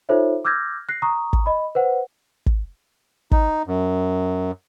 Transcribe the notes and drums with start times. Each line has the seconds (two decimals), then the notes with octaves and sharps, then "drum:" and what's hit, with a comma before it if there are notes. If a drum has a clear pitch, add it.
0.09 D#4 F4 A4 C5 C#5 E5
0.45 D6 E6 F6 G6 G#6 A#6
0.89 F#6 A#6 C7
1.02 A#5 C#6 D#6
1.33 drum: kick
1.46 D#5 B5
1.75 B4 C5 F#5
2.47 drum: kick
3.32 D#4, drum: kick
3.67 F#2